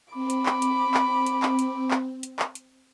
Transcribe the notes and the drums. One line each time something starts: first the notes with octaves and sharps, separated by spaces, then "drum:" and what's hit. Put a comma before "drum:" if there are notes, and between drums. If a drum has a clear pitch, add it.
C4 B5 D6
drum: hi-hat
drum: clap
drum: hi-hat
drum: clap
drum: hi-hat
drum: clap
drum: hi-hat
drum: clap
drum: hi-hat
drum: clap
drum: hi-hat